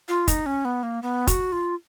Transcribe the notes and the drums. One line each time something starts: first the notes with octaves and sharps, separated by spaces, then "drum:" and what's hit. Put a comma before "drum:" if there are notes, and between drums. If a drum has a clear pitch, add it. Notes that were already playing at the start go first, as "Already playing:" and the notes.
F4
D#4, drum: kick, hi-hat
C#4
B3
A#3
B3
F#4, drum: kick, hi-hat
F4